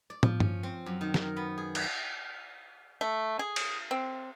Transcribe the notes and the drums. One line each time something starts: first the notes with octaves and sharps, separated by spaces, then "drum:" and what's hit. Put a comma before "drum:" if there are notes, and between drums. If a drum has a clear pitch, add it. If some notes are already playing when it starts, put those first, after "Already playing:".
D5
F3, drum: tom
C#4, drum: tom G2
C4
F#2
D#3
A#4, drum: snare
B3
G#4
A#5, drum: cymbal
A3
G#4
drum: cymbal
C4